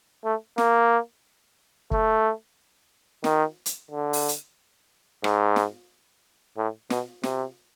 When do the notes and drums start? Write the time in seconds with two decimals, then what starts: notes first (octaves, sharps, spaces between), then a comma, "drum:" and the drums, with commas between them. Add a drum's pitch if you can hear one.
0.25 A3
0.58 A#3, drum: snare
1.91 A3, drum: kick
3.24 D#3, drum: snare
3.66 drum: hi-hat
3.91 D3
4.13 drum: open hi-hat
4.28 drum: hi-hat
5.24 G#2, drum: rim click
5.56 drum: snare
6.57 A2
6.90 B2, drum: snare
7.23 C3, drum: snare